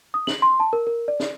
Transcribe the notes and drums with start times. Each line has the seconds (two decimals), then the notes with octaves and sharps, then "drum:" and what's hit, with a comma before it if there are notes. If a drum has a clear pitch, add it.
0.14 D#6
0.27 F#7, drum: snare
0.42 C6
0.60 A5
0.73 A#4
0.87 A#4
1.08 D5
1.20 drum: snare